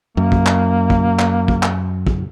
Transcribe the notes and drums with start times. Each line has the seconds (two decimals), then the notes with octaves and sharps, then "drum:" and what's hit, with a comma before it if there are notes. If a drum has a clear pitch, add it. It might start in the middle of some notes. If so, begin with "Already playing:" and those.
0.17 F#2 A#3
0.32 drum: kick
0.46 drum: clap
0.90 drum: kick
1.19 drum: clap
1.48 drum: kick
1.63 drum: clap
2.07 drum: kick